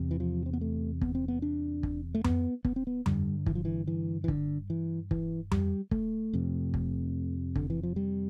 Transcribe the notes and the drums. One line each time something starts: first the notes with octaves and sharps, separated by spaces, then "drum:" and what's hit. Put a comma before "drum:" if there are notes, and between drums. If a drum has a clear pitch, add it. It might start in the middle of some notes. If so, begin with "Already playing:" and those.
Already playing: E2 C3
E3
F3
C4
B3
A3
B3, drum: kick
C4
B3
D4
drum: kick
A3
B3, drum: tom F2
B3, drum: kick
C4
B3
G2 D3 G3, drum: tom F2
E3, drum: kick
F3
E3
E3
E3
D3, drum: kick
E3
E3, drum: kick
G3, drum: tom F2
A3, drum: kick
F2 C3
drum: kick
D3, drum: kick
E3
F3
G3